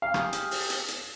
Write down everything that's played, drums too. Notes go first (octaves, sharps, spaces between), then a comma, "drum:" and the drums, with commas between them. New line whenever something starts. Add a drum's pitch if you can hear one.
F5
G4 G#4 F6, drum: rim click
drum: hi-hat
drum: open hi-hat
drum: hi-hat
drum: hi-hat